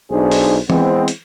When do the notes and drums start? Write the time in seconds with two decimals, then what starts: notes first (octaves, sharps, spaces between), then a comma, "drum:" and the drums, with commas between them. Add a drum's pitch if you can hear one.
0.11 B1 D4 D#4 G#4 C5
0.31 drum: open hi-hat
0.70 E3 G#3 B3 C4, drum: tom
1.08 drum: hi-hat